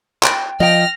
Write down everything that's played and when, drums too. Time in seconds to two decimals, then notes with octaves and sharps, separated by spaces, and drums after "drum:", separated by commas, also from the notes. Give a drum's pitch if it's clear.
0.23 G5, drum: clap
0.60 F3 D#5 G5 F6 A#6